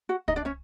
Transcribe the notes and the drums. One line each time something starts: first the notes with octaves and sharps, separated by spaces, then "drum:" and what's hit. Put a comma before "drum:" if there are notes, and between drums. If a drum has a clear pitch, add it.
F#4 F#5
D#4 D#5, drum: kick
D4 D5
C#4 C#5